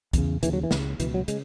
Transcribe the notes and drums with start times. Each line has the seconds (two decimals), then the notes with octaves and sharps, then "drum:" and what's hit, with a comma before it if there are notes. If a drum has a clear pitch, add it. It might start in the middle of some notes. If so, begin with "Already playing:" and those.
0.13 E2 C#3, drum: kick, hi-hat
0.43 D#2 C#3 E3, drum: hi-hat
0.53 F#3
0.63 E3
0.71 C#2 C#3, drum: snare
1.00 C#2 B2 E3, drum: hi-hat
1.14 F#3
1.28 C#3 G#3, drum: hi-hat